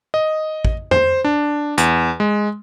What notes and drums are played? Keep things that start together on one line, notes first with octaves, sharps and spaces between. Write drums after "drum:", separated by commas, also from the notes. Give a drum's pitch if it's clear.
D#5
drum: kick
C5, drum: tom F2
D4
E2, drum: hi-hat
G#3